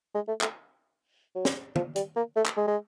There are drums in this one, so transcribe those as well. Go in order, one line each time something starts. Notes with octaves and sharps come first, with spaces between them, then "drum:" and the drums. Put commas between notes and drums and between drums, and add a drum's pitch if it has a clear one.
G#3
A3
A3, drum: clap
F#3
drum: snare
F3, drum: tom
G3, drum: hi-hat
A#3
A3
drum: clap
G#3
G#3